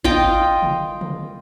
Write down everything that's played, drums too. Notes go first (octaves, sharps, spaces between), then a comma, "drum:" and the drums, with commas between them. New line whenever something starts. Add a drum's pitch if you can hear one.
F4 D#5 G5, drum: kick G#1
drum: tom C3
drum: tom C3